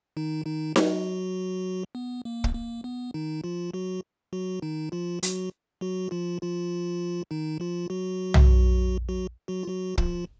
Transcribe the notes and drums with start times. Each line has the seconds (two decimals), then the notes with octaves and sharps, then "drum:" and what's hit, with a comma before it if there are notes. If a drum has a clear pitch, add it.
0.17 D#3 D#4
0.46 D#3 D#4
0.76 F#3 F#4, drum: snare D#4
1.95 B3
2.25 A#3
2.44 drum: kick
2.55 A#3
2.84 B3
3.14 D#3 D#4
3.44 F3 F4
3.74 F#3 F#4
4.33 F#3 F#4
4.62 D#3 D#4
4.92 F3 F4
5.23 F#3 F#4, drum: hi-hat
5.81 F#3 F#4
6.11 F3 F4
6.42 F3 F4
7.31 D#3 D#4
7.60 F3 F4
7.90 F#3 F#4
8.34 drum: tom
9.09 F#3 F#4
9.48 F#3 F#4
9.63 F4
9.68 F#3 F#4
9.98 F3 F4, drum: kick